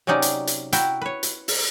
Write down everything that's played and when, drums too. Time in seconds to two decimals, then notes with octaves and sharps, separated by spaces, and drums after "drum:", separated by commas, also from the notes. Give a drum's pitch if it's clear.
0.07 C3 F#3 C#4 D#4 D5 A#5
0.22 drum: hi-hat
0.47 drum: hi-hat
0.73 E4 F#4 E5 G5 A#5, drum: hi-hat
1.02 B4 C#5
1.23 drum: hi-hat
1.48 drum: open hi-hat